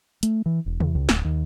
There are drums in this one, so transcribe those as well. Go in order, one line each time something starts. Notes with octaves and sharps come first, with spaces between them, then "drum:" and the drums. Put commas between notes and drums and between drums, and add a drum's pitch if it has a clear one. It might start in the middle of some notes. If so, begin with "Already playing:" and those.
A3, drum: hi-hat
E3
E1
E2, drum: tom
C#2
D1, drum: snare
D#2